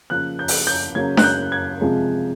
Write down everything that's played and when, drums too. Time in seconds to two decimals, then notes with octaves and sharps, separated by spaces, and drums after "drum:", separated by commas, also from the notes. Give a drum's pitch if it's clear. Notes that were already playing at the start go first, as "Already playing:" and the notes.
0.10 C#3 F3 A#3 F#6
0.39 G6
0.48 drum: open hi-hat
0.67 G6
0.95 C#3 F#3 A#3 G#6
1.17 F#6, drum: snare D4
1.24 G6
1.52 G#6
1.81 C3 F3 G#3